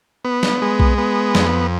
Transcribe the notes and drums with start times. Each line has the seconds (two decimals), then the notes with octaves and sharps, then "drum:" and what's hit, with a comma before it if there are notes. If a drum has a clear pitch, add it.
0.25 B3
0.43 drum: snare
0.62 G#3
0.80 drum: kick B1
0.98 B3
1.35 F2, drum: snare